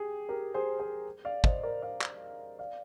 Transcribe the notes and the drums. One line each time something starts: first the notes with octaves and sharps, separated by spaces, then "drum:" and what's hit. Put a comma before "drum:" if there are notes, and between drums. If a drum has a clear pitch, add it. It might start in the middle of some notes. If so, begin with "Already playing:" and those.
Already playing: G4 G#4
G4 A#4
G#4 C5
G#4 C5
D5 F5
C5 D#5, drum: kick
A#4 D5
D5 F5
drum: clap
D5 F5